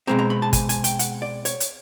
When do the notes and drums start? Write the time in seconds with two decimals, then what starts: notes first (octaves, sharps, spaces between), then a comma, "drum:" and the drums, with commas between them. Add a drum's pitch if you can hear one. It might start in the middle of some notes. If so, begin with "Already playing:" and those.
0.07 B2 G#3 C4 A#5
0.19 A#5
0.30 B5
0.42 A5
0.53 G#5, drum: kick, hi-hat
0.69 G#5, drum: hi-hat
0.84 G5, drum: hi-hat
0.99 F#5, drum: hi-hat
1.22 D5
1.45 C#5, drum: hi-hat
1.60 drum: hi-hat